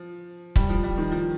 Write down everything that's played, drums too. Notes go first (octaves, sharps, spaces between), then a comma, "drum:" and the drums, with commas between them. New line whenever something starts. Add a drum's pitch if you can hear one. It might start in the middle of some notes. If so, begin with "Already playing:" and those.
Already playing: F3
G3, drum: kick C#1
F3
G3
D#3
F3